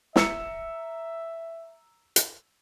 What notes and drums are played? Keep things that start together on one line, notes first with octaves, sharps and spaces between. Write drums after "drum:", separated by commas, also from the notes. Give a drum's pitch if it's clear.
E5 A#5 E6 C#7, drum: snare
drum: hi-hat